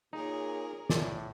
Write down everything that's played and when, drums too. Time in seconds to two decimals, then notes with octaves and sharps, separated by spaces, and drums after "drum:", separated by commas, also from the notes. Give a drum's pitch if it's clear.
0.13 A#2 D#4 G#4 A#4 C#5
0.89 A2 D5, drum: snare